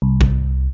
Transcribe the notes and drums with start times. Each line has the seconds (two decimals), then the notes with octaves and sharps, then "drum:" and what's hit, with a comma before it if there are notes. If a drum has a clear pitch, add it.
0.02 C2
0.21 drum: kick A#1